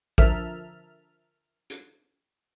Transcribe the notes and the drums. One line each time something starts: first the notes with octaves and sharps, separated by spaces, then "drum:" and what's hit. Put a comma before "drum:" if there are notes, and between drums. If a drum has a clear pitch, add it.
D3 F3 A#4 E5 A5 F6, drum: kick
drum: hi-hat